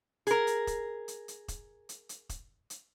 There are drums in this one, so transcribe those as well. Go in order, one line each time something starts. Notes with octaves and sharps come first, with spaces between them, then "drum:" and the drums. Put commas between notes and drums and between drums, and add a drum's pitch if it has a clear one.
G#4 A#4, drum: hi-hat
drum: hi-hat
drum: kick E1, hi-hat
drum: hi-hat
drum: hi-hat
drum: kick E1, hi-hat
drum: hi-hat
drum: hi-hat
drum: kick E1, hi-hat
drum: hi-hat